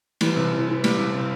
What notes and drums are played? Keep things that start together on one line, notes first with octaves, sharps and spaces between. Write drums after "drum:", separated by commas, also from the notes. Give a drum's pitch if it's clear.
E3 G3, drum: cymbal
C3
C3
E3
G3, drum: cymbal
C3
C3